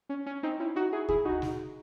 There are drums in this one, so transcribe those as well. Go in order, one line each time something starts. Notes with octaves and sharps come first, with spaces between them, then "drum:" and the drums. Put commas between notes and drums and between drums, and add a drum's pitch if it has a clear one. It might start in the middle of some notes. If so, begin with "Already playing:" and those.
C#4
C#4
C4 D#4
C#4 E4
D#4 F#4
E4 G#4
E4 G#4, drum: kick D2
D#4 F#4
drum: snare